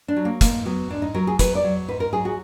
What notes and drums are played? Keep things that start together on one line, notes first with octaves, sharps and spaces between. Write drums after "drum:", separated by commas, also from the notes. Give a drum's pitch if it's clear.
D4
F#3
A#3
G#2 A#3, drum: kick, hi-hat
F#3 B3
G#2 D4
D#4
F#3 A#4
G#4
F#3 B4, drum: kick, hi-hat
D5
F#3
G#2 B4
A#4
F#3 G#4
F#4